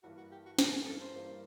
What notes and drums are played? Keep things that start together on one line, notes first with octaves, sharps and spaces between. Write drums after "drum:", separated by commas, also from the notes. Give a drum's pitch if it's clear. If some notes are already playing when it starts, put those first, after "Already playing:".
G2 E3 G3 A#3 F#4
F#4
G4
F#4
G2 E3 G3 A#3 G4, drum: snare
G#4
A4
C5
G2 E3 G3 A#3